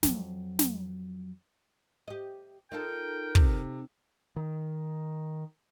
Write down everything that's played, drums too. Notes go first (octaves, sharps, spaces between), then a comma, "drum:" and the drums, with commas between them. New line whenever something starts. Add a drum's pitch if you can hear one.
F2 F#3, drum: snare
drum: snare
G4 D#5
D#4 F4 A4 A#4 G5
C3, drum: kick
D#3